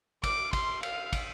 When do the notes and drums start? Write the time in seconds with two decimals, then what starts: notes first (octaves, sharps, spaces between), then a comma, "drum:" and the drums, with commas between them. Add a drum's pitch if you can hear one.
0.23 D6, drum: kick, cymbal
0.53 C6, drum: kick, cymbal
0.83 F5, drum: cymbal
1.13 drum: kick, cymbal